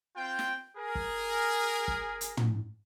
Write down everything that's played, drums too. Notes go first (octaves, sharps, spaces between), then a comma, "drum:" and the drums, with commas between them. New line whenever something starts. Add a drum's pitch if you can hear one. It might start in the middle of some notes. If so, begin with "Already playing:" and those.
C4 F4 G5
drum: snare
G#4 A#4
drum: kick
drum: kick
drum: hi-hat
drum: tom